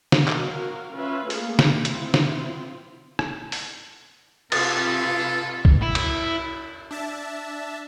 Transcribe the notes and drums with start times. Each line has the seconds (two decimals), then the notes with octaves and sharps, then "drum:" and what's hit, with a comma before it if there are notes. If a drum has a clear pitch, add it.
0.12 drum: snare
0.28 F#3 F#4 A#4 F5, drum: clap
0.94 C#4 F4 B4 E5
1.30 A3 A#3 G#4 F5, drum: open hi-hat
1.59 drum: snare
1.85 C4 E4 F4, drum: hi-hat
2.14 drum: snare
3.19 drum: rim click
3.52 drum: open hi-hat
4.52 C3 F4 A4 B4 A6, drum: cymbal
5.65 drum: kick B1
5.83 E4
5.95 drum: cymbal
6.91 D4 E5 A5